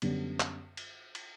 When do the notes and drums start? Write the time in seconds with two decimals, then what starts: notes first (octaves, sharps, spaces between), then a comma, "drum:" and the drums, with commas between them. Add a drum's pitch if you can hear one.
0.02 F#2 D3 G3 B3, drum: cymbal
0.40 drum: clap
0.77 drum: cymbal
1.15 drum: cymbal